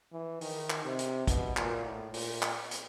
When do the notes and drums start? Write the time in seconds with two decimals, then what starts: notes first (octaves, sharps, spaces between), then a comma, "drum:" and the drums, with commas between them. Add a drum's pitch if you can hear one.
0.12 E3
0.41 D#3, drum: open hi-hat
0.70 drum: clap
0.84 C3
0.99 drum: hi-hat
1.27 B2, drum: kick, hi-hat
1.57 A#2, drum: clap
1.85 A2
2.14 A#2, drum: open hi-hat
2.42 drum: clap
2.71 drum: hi-hat